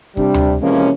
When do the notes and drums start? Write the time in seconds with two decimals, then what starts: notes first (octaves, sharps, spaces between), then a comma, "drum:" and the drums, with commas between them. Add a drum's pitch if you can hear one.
0.17 C3 G3 D4, drum: kick
0.34 drum: tom D2
0.61 C3 E3 F3 G#3 A#3 C#4